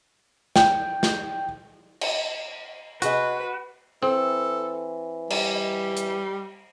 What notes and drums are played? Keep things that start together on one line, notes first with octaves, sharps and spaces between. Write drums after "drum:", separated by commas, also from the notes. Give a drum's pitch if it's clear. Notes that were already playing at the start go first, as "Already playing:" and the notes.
G5, drum: snare
drum: snare
drum: cymbal
C3 F#4 G#4 B4 D#5, drum: hi-hat
E3 C4 A4
G3, drum: cymbal
drum: hi-hat